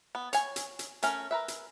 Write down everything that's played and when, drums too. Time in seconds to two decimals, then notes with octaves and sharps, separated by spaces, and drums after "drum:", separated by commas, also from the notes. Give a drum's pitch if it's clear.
0.15 B3
0.33 C#5 G#5, drum: hi-hat
0.56 drum: hi-hat
0.79 drum: hi-hat
1.02 A3 C#4 A#4, drum: hi-hat
1.31 A#4 B4 E5
1.48 drum: hi-hat